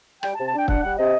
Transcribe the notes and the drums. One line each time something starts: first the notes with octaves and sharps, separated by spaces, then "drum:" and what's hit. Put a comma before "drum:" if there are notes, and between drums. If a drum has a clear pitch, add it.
G3 G5, drum: rim click
A5
C3
A5
D4 G5
D4 F#5, drum: kick
G3 F#5
C3 D#5